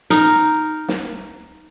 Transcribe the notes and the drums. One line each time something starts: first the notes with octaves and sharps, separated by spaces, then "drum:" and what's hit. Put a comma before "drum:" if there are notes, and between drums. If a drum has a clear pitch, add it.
D#4 A#4, drum: hi-hat
drum: snare